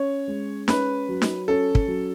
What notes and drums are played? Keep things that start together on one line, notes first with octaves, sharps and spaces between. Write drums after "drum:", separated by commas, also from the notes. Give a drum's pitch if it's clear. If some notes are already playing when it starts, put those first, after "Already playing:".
Already playing: C#4 C#5
G#3
C#4 B4, drum: snare
F#3
drum: snare
C#4 A4
drum: kick
F#3